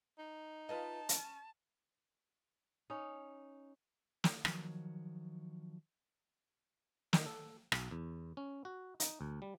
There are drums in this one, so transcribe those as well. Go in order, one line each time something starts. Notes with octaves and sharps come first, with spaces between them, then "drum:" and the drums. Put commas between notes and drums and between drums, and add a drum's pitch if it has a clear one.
D#4
F4 B4 D#5 A5
C#4, drum: hi-hat
C#4 D#4
drum: snare
D#3 F3 F#3, drum: rim click
D#3, drum: snare
A4
B1, drum: rim click
E2
C#4
F#4
D#4, drum: hi-hat
D2
G3